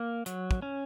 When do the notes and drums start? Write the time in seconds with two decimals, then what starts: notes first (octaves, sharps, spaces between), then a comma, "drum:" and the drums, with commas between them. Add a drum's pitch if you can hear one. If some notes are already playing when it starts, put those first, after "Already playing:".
Already playing: A#3
0.26 F#3, drum: hi-hat
0.51 drum: kick
0.62 C#4